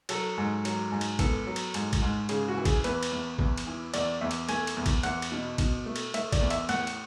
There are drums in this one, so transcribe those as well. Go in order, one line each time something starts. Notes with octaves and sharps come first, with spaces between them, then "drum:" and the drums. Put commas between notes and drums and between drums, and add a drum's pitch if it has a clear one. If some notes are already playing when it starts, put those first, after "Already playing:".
F#3 A4, drum: cymbal
G#2
F#3, drum: cymbal
G#2
drum: cymbal
B3 A4, drum: kick, cymbal
F#3
drum: cymbal
G#2, drum: cymbal
drum: kick, cymbal
G#2
C#3 G#4, drum: cymbal
F#4
E3
G#4, drum: kick, cymbal
E2 B4, drum: cymbal
drum: cymbal
E2
E2, drum: kick
drum: cymbal
E3
E2 D5, drum: cymbal
E2 E5
drum: cymbal
A3 G#5, drum: cymbal
drum: cymbal
E2
drum: kick, cymbal
E2 F#5, drum: cymbal
drum: cymbal
B2
B2, drum: kick, cymbal
A3
drum: cymbal
A3 E5, drum: cymbal
D5, drum: kick, cymbal
E2
E5, drum: cymbal
A2 F#5, drum: cymbal
drum: cymbal